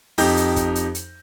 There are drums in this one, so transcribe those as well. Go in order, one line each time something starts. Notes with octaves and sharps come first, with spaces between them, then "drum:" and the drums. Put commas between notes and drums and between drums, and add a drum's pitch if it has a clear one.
F2 D#4 G4 G6, drum: open hi-hat
drum: hi-hat
drum: kick, hi-hat
drum: hi-hat
drum: hi-hat